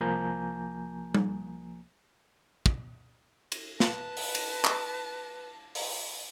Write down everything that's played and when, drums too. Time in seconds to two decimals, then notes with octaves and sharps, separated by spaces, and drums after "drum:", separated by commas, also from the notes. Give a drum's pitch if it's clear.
0.01 C2 F3 A#3 G#5 A#5 G6
1.15 drum: tom G3
2.66 drum: kick
3.52 drum: cymbal
3.80 B4 A5, drum: snare
4.17 drum: open hi-hat
4.35 drum: cymbal
4.64 drum: clap
5.75 drum: open hi-hat